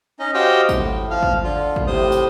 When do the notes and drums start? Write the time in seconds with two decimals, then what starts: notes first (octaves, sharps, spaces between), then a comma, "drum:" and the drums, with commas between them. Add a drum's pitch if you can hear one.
0.19 C#4 D#4 D#5
0.34 F#4 G4 C5 D#5 F5 G5
0.69 A2, drum: kick, tambourine
1.10 F3 F5
1.23 drum: kick
1.44 D3 F4
1.76 drum: kick
1.87 A2 C3 C5 D#6
2.12 drum: tambourine